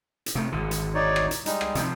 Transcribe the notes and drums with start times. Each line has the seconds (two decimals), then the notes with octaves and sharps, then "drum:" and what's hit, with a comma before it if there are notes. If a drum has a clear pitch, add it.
0.26 drum: hi-hat
0.35 C3 A3
0.52 G#1 D3
0.71 drum: hi-hat
0.95 D#4 C#5 D5
1.16 drum: rim click
1.31 drum: hi-hat
1.46 G3 G#3 D#4, drum: hi-hat
1.61 drum: rim click
1.75 C3 F3, drum: hi-hat